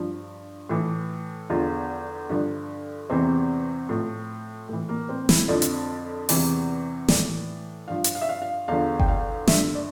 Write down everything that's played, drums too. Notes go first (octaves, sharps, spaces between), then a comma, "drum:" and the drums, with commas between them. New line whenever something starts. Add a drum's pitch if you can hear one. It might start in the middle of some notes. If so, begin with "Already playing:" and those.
Already playing: G2 F3
A2 E3
E2 D3 F3 F4
G2 D3 F3 D4
E2 C3 E3 C4
A2 F3
A2 E3
A#3
C4
E4, drum: snare
F2 D3 F3 D5
drum: hi-hat
E2 C3 E3, drum: open hi-hat
A2 E3 D5, drum: snare
G2 F3 F5
drum: hi-hat
F5
E5
F5
F5
E2 D3 F3 F5
G5, drum: kick G1
F5
G2 D3 F3 E5, drum: snare
D5